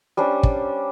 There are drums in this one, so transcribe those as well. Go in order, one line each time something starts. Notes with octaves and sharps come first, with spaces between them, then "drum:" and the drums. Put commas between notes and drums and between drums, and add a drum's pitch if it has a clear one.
G3 C#4 D4 C5
drum: kick